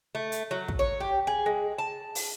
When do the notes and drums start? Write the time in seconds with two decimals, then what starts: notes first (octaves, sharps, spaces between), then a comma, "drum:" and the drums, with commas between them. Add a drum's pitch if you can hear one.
0.15 A3
0.32 drum: hi-hat
0.51 F#3
0.68 drum: kick
0.79 C#5
1.00 G4
1.27 G#4
1.46 G#3
1.78 A5
2.15 drum: open hi-hat